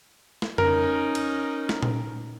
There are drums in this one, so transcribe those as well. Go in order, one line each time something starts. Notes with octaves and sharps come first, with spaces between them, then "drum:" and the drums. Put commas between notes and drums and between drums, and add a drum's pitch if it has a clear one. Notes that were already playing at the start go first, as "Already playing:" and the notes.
drum: snare
C#4 D#4 A#4, drum: tom F2
drum: cymbal
drum: snare
drum: tom A#2